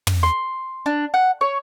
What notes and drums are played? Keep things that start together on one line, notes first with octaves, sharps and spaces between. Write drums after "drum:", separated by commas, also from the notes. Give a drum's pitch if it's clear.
drum: tom
C6
D4
F#5
C#5